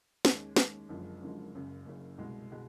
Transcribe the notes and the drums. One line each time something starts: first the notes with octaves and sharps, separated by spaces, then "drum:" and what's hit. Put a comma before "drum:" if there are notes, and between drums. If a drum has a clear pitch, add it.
D#2 D#3 G#3 C#4, drum: snare
D#2 D#3 G#3 C#4, drum: snare
F#1 F#2 D3 F3 G#3
F#1 F#2 D3 F3 G#3
F#1 F#2 C#3
F#1 F#2 C#3
C2 B2 G#3
B2 G#3